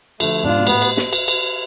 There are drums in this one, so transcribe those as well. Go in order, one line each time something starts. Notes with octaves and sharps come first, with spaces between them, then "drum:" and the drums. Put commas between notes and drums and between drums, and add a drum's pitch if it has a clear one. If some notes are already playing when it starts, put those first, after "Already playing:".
D3 F3 A3, drum: cymbal
G#2 B2 D4 F4
B2
A2 B3, drum: cymbal
drum: cymbal
drum: snare
drum: cymbal
drum: cymbal